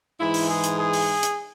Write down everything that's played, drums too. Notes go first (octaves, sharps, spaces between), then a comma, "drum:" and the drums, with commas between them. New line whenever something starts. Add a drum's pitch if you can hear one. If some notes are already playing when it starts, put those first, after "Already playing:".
G#2 E3 E4
drum: open hi-hat
G#4
drum: hi-hat
G#4
drum: open hi-hat
drum: hi-hat